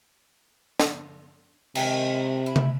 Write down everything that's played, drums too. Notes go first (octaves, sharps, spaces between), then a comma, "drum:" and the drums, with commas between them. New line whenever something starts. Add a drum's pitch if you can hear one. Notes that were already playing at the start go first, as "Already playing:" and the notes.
drum: snare
C3 D#3 G#3 G5, drum: cymbal
E4
drum: tom C3